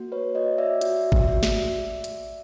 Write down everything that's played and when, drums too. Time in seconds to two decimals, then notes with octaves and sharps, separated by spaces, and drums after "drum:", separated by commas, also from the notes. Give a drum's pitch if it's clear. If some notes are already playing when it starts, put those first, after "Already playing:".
Already playing: A#3 F#4
0.12 B4 C#5
0.35 F#4 C#5 D#5
0.58 D5 E5
0.81 F#4, drum: hi-hat
1.12 drum: kick G#1
1.27 F#4
1.43 drum: snare
2.04 drum: hi-hat